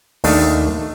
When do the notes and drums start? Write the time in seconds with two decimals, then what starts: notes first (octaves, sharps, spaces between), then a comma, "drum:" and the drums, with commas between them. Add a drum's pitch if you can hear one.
0.24 D#2 D#3 A3 D4, drum: open hi-hat